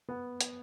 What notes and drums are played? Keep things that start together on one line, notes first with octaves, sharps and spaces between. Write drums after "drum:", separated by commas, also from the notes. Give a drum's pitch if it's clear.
B3
drum: hi-hat